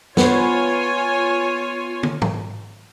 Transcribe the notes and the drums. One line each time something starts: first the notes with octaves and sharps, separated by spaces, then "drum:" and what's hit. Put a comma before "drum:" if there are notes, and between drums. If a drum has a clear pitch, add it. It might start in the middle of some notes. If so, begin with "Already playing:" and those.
B3 F4 C5 C#5 G#5, drum: snare
drum: tom
drum: tom G#2